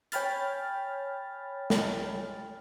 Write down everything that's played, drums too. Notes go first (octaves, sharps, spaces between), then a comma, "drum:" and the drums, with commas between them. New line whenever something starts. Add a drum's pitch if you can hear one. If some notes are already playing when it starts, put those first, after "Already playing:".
C#5 G5 G#5 B5 F6 A6, drum: hi-hat
drum: snare